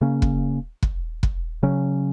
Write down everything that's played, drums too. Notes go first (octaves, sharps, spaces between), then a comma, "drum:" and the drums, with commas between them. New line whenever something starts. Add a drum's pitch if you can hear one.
C#3 A#3 C#4
drum: kick
drum: kick
drum: kick
C#3 F#3 C#4